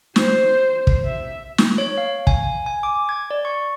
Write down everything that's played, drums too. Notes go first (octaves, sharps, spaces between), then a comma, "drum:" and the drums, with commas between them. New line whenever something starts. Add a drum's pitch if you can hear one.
C5, drum: snare
drum: kick
E5
drum: snare
C#5
F5
G#5, drum: kick
G#5
D6
G#6
D5
C#6